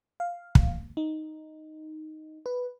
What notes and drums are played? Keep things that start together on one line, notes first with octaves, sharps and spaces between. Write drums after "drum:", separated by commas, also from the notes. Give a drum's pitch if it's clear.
F5
drum: kick
D#4
B4